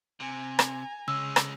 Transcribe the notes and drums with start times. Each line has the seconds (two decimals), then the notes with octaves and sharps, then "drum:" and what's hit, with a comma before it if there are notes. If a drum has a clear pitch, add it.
0.20 C3 G#5 A#5
0.59 drum: rim click
1.08 C#3 G#3 C#4 E6
1.36 drum: rim click